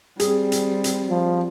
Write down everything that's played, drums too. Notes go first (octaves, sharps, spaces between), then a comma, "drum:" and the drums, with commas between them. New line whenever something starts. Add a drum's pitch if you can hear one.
G3 C4 G#4, drum: hi-hat
drum: hi-hat
drum: hi-hat
F3